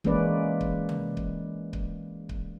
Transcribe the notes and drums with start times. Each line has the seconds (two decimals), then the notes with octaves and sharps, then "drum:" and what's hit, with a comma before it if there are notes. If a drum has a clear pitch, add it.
0.04 E3 G#3 A#3 C#4 B4 D5, drum: kick C#1
0.61 drum: kick C#1
0.89 drum: tom
1.17 drum: kick C#1
1.73 drum: kick C#1
2.29 drum: kick C#1